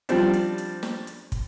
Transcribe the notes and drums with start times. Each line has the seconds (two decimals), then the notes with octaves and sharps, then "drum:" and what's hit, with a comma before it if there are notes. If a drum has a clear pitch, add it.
0.09 F3 G3 C4 D4, drum: hi-hat
0.33 drum: hi-hat
0.58 drum: hi-hat
0.83 drum: snare
1.07 drum: hi-hat
1.32 drum: kick, hi-hat